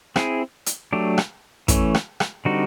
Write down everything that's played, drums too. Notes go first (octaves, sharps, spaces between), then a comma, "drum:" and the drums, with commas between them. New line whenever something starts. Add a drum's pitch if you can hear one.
C4 E4 G#4, drum: rim click
drum: hi-hat
F#3 A3 D4 G4
drum: rim click
E3 A3 C#4, drum: kick, hi-hat
drum: rim click
drum: rim click
D3 G3 C4 D#4 F#4